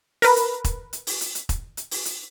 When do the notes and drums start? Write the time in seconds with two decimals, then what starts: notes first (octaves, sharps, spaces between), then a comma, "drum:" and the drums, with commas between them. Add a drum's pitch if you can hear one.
0.22 A#4 B4, drum: open hi-hat
0.36 drum: hi-hat
0.64 drum: kick E1, hi-hat
0.93 drum: hi-hat
1.07 drum: open hi-hat
1.21 drum: hi-hat
1.35 drum: hi-hat
1.49 drum: kick E1, hi-hat
1.77 drum: hi-hat
1.91 drum: open hi-hat
2.05 drum: hi-hat